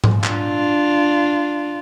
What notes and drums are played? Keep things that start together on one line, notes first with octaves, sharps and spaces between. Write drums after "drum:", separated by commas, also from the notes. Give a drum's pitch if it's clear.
drum: tom G#2
D4 F4, drum: clap